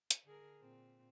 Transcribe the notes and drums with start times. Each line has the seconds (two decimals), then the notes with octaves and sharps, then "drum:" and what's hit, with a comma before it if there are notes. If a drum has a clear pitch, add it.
0.11 drum: hi-hat
0.24 D3 G#4 A#4
0.59 A#2 C4